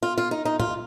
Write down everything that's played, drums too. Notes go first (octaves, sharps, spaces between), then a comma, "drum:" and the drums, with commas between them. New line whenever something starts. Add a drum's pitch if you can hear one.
F4
F4
D#4
D#4
F4, drum: tom